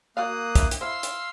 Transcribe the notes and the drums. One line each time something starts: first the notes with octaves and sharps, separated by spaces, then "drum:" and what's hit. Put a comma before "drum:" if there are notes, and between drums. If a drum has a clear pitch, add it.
A#3 F#4 D5 F5 D#6 F#6
E3 D4, drum: kick, hi-hat
drum: hi-hat
E4 C5 F5 C6 E6
drum: hi-hat